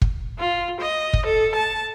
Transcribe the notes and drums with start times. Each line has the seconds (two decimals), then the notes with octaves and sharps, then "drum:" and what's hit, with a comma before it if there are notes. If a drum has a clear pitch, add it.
0.02 drum: kick
0.39 F4
0.81 D#5
1.13 drum: kick
1.26 A4
1.55 A5